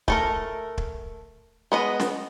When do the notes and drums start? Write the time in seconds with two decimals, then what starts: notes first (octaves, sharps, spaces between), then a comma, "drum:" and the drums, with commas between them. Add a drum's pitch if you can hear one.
0.08 A3 A4 A#4, drum: kick
0.78 drum: kick
1.72 G#3 B3 D#5
2.00 drum: snare